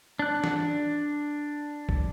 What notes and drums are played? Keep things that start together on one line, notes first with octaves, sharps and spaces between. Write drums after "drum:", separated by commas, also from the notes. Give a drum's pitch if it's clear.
D4 F#6
drum: snare
drum: kick B1